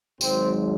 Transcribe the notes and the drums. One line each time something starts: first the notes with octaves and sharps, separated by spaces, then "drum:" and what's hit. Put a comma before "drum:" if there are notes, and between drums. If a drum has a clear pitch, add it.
G#1 G#2 F#3 C4, drum: tambourine